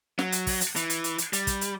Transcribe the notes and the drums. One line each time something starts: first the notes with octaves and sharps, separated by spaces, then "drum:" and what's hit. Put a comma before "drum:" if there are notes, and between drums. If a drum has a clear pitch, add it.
F#3, drum: snare
drum: hi-hat
drum: kick, open hi-hat
drum: hi-hat
E3, drum: hi-hat
drum: hi-hat
drum: hi-hat
drum: hi-hat
G3, drum: hi-hat
drum: kick, hi-hat
drum: hi-hat